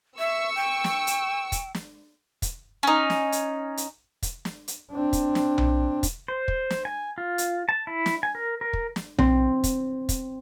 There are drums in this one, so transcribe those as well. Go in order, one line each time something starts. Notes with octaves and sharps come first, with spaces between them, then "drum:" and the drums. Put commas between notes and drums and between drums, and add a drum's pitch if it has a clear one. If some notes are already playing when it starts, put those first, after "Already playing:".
E5 C#6 E6
G5
drum: snare
drum: hi-hat
drum: kick, hi-hat
drum: snare
drum: kick, hi-hat
C#4 D#4
drum: snare
drum: hi-hat
drum: hi-hat
drum: kick, hi-hat
drum: snare
drum: hi-hat
C4 D4
drum: kick, hi-hat
drum: snare
drum: tom B1
drum: kick, hi-hat
C5
drum: kick
drum: snare
G#5
F4
drum: hi-hat
A5
E4
drum: snare
G#5
A#4
A#4
drum: kick
drum: snare
C4, drum: tom B1
drum: kick, hi-hat
drum: kick, hi-hat